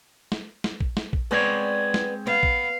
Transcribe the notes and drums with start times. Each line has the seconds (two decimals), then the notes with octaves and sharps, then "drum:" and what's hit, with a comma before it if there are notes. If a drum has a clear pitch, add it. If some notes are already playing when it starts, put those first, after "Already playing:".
0.32 drum: snare
0.64 drum: snare
0.80 drum: kick
0.97 drum: snare
1.13 drum: kick
1.31 G#3 B3 C4 C#5 D5
1.94 drum: snare
2.27 B3 F5
2.43 drum: kick